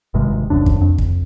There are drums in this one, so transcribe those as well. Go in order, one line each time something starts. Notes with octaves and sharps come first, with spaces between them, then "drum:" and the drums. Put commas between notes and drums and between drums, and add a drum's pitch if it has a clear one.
G#1 G2 C3 G#3
D#1 C2 F#2 D4
drum: kick
F2
drum: kick